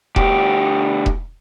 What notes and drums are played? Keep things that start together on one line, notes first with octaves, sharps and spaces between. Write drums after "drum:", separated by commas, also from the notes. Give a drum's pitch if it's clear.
D2 G4, drum: kick E1
drum: kick E1